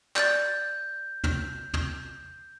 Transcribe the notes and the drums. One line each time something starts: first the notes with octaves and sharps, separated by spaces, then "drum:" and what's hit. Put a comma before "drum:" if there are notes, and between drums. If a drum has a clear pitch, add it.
D5 G6 A6, drum: clap
drum: tom
drum: tom